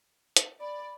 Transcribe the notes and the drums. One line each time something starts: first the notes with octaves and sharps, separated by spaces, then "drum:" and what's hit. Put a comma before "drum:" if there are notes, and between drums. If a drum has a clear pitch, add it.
drum: hi-hat
D5 B5